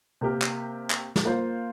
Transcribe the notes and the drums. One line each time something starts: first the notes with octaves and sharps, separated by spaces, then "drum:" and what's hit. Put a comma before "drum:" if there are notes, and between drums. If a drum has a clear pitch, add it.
C3 A#3 G4 A#4
drum: clap
drum: clap
drum: snare
A#3 F4 C5